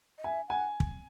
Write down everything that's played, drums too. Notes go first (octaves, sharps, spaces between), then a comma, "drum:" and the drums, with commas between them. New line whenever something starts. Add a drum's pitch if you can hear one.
D#5
E5 G#5
F#5 G#5
drum: kick